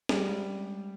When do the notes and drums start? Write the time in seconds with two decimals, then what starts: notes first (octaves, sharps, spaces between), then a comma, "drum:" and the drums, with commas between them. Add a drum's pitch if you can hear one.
0.09 G3 G#4, drum: snare
0.29 G#3